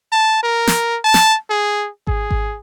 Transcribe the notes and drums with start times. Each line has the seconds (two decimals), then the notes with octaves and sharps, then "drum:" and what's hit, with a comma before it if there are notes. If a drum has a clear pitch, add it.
0.12 A5
0.43 A#4
0.67 drum: snare
1.05 A5
1.14 drum: snare
1.50 G#4
2.07 G#4, drum: kick G#1
2.31 drum: kick G#1